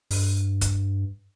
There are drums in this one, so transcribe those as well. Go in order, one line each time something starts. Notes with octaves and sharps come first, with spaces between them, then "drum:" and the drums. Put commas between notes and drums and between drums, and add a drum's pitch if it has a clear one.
G2, drum: open hi-hat
drum: kick, hi-hat